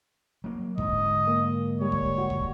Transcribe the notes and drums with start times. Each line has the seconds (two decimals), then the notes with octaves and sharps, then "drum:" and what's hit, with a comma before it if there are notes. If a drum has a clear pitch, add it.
0.44 F#3 A#3
0.78 G#2 D3 D#5, drum: kick
1.27 A#3
1.81 G3 C#5
1.92 drum: kick
2.18 F#4
2.30 drum: kick